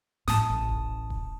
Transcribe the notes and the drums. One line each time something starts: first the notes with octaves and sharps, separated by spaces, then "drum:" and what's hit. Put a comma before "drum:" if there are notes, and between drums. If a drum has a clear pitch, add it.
A2 A5 D#6, drum: snare
A1
drum: kick D#1
drum: kick D#1